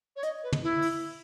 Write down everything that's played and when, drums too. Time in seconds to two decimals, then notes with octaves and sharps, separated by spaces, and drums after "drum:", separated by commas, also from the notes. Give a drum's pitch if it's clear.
0.16 C#5
0.23 D#5, drum: hi-hat
0.43 B4
0.53 drum: tom
0.63 E4
0.82 drum: open hi-hat